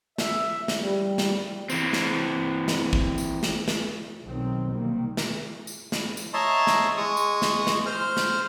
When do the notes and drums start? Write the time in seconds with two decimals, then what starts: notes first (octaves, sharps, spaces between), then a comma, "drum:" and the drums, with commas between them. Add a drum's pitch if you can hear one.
0.18 E5, drum: snare
0.68 drum: snare
0.78 G3
1.18 drum: snare
1.70 E3 C4, drum: tambourine
1.93 drum: snare
2.68 drum: snare
2.93 drum: kick
3.18 drum: tambourine
3.43 drum: snare
3.68 drum: snare
4.23 B1 D#3 C4
4.72 C3 D#3 G3 A#3
5.17 drum: snare
5.67 drum: tambourine
5.92 drum: snare
6.17 drum: tambourine
6.34 C#5 D#5 E5 A5 A#5 C6
6.67 drum: snare
6.97 G#3 C#6 D#6
7.17 drum: tambourine
7.42 drum: snare
7.67 drum: snare
7.86 C5 F6
8.17 drum: snare